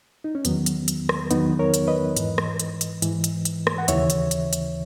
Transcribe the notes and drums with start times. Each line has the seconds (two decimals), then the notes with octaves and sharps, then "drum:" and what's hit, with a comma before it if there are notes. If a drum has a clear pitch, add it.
0.24 D#4
0.35 C#4
0.45 E2 D#3 F#3 B3, drum: hi-hat
0.66 drum: hi-hat
0.88 drum: hi-hat
1.09 drum: rim click
1.31 E2 D#3 F#3 B3 D#4, drum: hi-hat
1.59 A#4 C#5
1.74 drum: hi-hat
1.88 B4 D#5
2.17 G#2 E3, drum: hi-hat
2.38 drum: rim click
2.60 drum: hi-hat
2.81 drum: hi-hat
3.02 G#2 E3, drum: hi-hat
3.24 drum: hi-hat
3.45 drum: hi-hat
3.67 drum: rim click
3.78 F#5
3.88 D#2 C#3 E3 C#5 E5, drum: hi-hat
4.10 drum: hi-hat
4.31 drum: hi-hat
4.53 drum: hi-hat